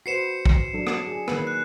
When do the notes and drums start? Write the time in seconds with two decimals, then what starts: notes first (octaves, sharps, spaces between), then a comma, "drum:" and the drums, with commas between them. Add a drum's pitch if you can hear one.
0.06 F#4 B4 C5 C7 C#7 E7
0.46 drum: kick A#1
0.74 F#3 D4 A4
0.87 drum: rim click
1.07 G#4
1.28 D#3 A#3 B4, drum: rim click
1.47 F#6